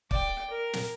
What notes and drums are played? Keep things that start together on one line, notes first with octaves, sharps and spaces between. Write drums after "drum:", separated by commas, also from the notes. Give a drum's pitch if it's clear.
D5 G5, drum: kick
A#4
drum: snare